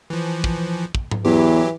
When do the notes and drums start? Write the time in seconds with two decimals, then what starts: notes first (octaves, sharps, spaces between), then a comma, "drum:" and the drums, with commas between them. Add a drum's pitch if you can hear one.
0.10 E3 F3
0.44 drum: kick
0.95 drum: kick
1.11 drum: tom G#2
1.25 E2 E3 F#3 G4